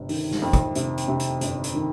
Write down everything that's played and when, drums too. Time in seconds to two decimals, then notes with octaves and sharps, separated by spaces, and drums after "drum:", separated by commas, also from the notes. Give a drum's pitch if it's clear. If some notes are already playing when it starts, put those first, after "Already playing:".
Already playing: G1 C3
0.09 D#3, drum: open hi-hat
0.31 drum: snare
0.42 F2
0.53 drum: kick, hi-hat
0.75 C3, drum: hi-hat
0.98 drum: hi-hat
1.08 C3
1.20 drum: hi-hat
1.41 G1, drum: hi-hat
1.64 drum: hi-hat
1.75 D#3